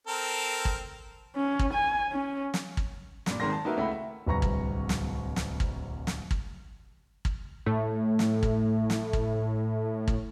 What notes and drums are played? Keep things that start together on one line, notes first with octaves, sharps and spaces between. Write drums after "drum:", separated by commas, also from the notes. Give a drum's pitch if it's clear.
C4 A4 A#4
drum: kick
C#4
drum: kick
G#5
C#4
drum: snare
drum: kick
G2 A#2, drum: snare
G#1 D#3 G#3 A#4 C6 A#6
A5
A#3 D#4 F#4 A#4 B4 E5
C#2 A3 E4 F#5 B5
E5
D1 C2 B4 A#5 C#6 A#6
drum: kick
drum: snare
drum: snare
drum: kick
drum: snare
drum: kick
drum: kick
A2 A3
drum: snare
drum: kick
drum: snare
drum: kick
drum: kick